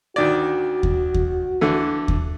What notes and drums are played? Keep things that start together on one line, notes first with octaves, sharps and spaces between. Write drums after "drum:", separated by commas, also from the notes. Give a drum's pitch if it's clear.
D2 D#3 F#4 D5
drum: kick D#2
drum: kick D#2
D3 E3 A3
drum: kick D#2